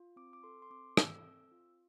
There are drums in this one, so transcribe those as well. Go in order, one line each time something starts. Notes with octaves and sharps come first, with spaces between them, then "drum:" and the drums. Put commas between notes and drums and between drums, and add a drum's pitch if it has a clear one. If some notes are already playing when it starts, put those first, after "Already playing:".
Already playing: F4
C4 D6
D6
A4 C6
C6
C4 D6
A4 E6, drum: rim click
C4
F4